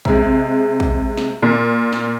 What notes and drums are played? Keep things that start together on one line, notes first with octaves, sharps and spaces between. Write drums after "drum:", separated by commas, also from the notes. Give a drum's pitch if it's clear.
C3 G#3, drum: kick
drum: kick
drum: snare
A#2
drum: snare